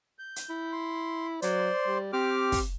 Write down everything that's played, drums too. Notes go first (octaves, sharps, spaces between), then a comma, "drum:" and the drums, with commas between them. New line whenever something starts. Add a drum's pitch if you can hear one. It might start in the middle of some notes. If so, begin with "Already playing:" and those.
G6
drum: hi-hat
E4
C6
F#3 C5 D5 C6, drum: hi-hat
G3
C4 G4 D6 F6
drum: kick, open hi-hat